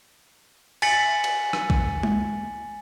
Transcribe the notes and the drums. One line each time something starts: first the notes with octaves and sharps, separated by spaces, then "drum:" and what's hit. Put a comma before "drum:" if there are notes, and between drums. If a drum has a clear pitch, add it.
G#5 A6 B6 C#7 F#7, drum: cymbal
drum: cymbal
drum: rim click
drum: kick A#1
drum: tom G#3